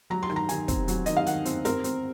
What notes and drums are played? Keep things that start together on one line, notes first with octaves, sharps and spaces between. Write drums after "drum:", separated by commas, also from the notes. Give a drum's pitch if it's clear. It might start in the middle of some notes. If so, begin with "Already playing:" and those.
F#3 A#5
C6
D#3, drum: rim click
A#5
D#3 G#5, drum: hi-hat
C4, drum: kick, hi-hat
F#3, drum: hi-hat
D#3 D#5, drum: hi-hat
F5
D#3 F#5, drum: hi-hat
C4, drum: hi-hat
C4 A#4, drum: hi-hat
C4, drum: hi-hat